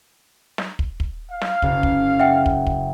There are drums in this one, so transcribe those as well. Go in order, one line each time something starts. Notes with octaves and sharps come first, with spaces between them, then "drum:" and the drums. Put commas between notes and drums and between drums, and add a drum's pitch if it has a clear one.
drum: snare
drum: kick
drum: kick
F5
drum: snare
F#1 F#2 C#3, drum: kick
drum: kick
E5 F#5 G5
drum: kick
drum: kick